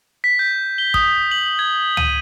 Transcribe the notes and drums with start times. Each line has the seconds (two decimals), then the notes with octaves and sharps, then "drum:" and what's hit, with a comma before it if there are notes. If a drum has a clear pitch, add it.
0.24 B6
0.39 G6
0.78 G7
0.94 D#6, drum: kick
1.31 F#7
1.59 G#6
1.97 D#7, drum: tom C#2